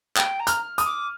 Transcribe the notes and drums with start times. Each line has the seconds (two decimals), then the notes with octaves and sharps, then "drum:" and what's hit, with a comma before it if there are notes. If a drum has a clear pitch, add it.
0.16 G5, drum: clap
0.40 A#5
0.47 F6, drum: hi-hat
0.78 D#6, drum: hi-hat
0.86 D6